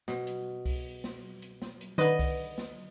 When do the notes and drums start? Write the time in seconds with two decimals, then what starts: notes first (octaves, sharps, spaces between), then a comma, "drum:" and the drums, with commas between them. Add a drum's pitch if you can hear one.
0.08 B2, drum: snare
0.27 drum: hi-hat
0.66 drum: kick C2, open hi-hat
1.04 drum: snare
1.42 drum: hi-hat
1.62 drum: snare
1.81 drum: hi-hat
1.98 D3 D#3 B4 D#5
2.19 drum: kick C2, open hi-hat
2.58 drum: snare